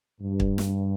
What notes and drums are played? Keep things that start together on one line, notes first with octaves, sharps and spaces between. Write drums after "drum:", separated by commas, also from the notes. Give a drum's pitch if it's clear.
G2
drum: kick
drum: snare